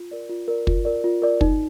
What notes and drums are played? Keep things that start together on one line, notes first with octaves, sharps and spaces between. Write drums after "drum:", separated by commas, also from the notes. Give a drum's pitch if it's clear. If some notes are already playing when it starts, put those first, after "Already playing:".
Already playing: F4
A#4 D5
F4
A#4 D5
F4, drum: kick
A#4 D5
F4
A#4 D5
D#4, drum: kick